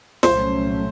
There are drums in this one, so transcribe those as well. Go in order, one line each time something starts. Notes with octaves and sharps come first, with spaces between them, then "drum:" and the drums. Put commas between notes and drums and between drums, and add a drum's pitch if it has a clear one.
C2 A#2 F#3 A3 C#4 C5, drum: snare